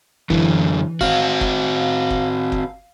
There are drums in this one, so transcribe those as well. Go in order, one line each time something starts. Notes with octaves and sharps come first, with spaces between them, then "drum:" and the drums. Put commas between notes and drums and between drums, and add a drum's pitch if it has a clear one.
F#2 D3 E3, drum: kick F#1
C4 F#4 F5, drum: kick F#1
drum: kick F#1
drum: kick F#1
drum: kick F#1